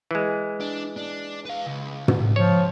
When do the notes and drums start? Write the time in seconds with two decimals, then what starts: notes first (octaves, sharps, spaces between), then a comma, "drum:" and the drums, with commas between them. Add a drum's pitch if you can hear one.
0.11 E3 G#3
0.60 D4
0.96 D4
1.46 B4 F5
1.66 C#2
2.08 drum: tom
2.36 F3 C#5